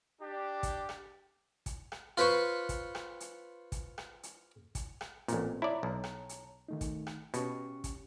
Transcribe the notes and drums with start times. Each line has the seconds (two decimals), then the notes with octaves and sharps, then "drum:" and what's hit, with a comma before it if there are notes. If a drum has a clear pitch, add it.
0.21 D4 G4
0.63 drum: kick, hi-hat
0.89 drum: rim click
1.66 drum: kick, hi-hat
1.92 drum: rim click
2.17 F4 B4 C5 C#6, drum: hi-hat
2.69 drum: kick, hi-hat
2.95 drum: rim click
3.20 drum: hi-hat
3.72 drum: kick, hi-hat
3.98 drum: rim click
4.23 drum: hi-hat
4.75 drum: kick, hi-hat
5.01 drum: rim click
5.28 A1 A#2 C4, drum: hi-hat
5.62 E4 C#5 D5 A5 A#5
5.83 B1
6.04 drum: rim click
6.29 drum: hi-hat
6.69 D#3 A3 D#4
6.81 drum: kick, hi-hat
7.07 drum: rim click
7.34 B2 C#4 G4 C#6, drum: hi-hat
7.84 drum: kick, hi-hat